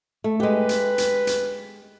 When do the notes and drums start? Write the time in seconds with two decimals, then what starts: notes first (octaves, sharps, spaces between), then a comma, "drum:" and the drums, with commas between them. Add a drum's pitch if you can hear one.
0.24 A3
0.40 G#3 G4 B4
0.69 drum: hi-hat
0.98 drum: hi-hat
1.27 drum: hi-hat